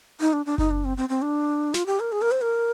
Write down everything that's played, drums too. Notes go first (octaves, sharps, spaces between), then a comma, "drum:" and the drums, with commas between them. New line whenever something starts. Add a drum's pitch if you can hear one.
D#4
D4
D4
D#4, drum: kick F#1
D4
C4
C4
C4
D4
F4, drum: snare
G4
A#4
G#4
A#4
C5
A#4